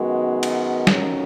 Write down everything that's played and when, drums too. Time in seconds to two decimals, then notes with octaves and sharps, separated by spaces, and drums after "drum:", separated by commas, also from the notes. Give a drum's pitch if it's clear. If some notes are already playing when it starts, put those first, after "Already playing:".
Already playing: F#2 D#3 G#3 B3 F#4
0.43 drum: cymbal
0.87 F2 D#3 F#3 C#4, drum: snare